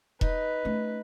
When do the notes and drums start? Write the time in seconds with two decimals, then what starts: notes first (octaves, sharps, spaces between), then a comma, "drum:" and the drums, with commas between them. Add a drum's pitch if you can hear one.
0.21 D#4 B4, drum: kick E1
0.65 A3 C#4